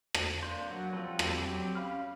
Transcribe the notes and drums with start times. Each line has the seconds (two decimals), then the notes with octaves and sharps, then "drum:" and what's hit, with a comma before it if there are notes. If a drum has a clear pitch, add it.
0.14 drum: rim click
0.43 A#3 D4 C5
0.70 F#3 F#4
0.93 F3 G3 C4 A4 B4
1.19 drum: rim click
1.37 F#3 C4 G4
1.75 C#4 F5 B5 F6